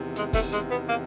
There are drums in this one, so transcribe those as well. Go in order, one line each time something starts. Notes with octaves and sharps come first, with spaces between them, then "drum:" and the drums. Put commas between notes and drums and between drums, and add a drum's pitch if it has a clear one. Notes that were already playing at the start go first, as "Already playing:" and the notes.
Already playing: E2 C3 D#3
G#3, drum: hi-hat
A3, drum: kick, open hi-hat
G#3, drum: hi-hat
B3
A#3